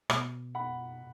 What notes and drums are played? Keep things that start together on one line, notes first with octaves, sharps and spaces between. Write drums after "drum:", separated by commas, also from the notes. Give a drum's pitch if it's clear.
B2, drum: rim click
F#5 B5